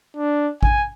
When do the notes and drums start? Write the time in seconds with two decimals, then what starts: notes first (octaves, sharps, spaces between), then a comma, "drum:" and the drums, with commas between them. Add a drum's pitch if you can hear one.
0.17 D4
0.63 G#5, drum: kick A1